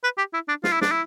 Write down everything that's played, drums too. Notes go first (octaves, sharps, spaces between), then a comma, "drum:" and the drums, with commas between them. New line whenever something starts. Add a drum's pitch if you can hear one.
B4
G4
E4
D4
F4, drum: snare
E4
D4, drum: snare
E4